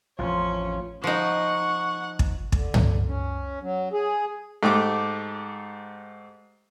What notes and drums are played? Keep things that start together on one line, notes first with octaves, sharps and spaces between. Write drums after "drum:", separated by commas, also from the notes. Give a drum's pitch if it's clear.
A1 F2 C#4 F4
F3 D#4 F#5 C#6
drum: kick
D3, drum: kick
drum: tom
C#4
F#3
G#4
G#2 A3 G4 D6